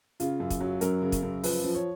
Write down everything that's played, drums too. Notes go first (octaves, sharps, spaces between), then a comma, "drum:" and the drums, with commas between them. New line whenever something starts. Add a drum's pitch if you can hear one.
C#3 F4, drum: hi-hat
F#2
drum: kick, hi-hat
F#3
F#2 A#4, drum: hi-hat
C#3
drum: kick, hi-hat
F#2
F3 B4, drum: open hi-hat
F3
C#5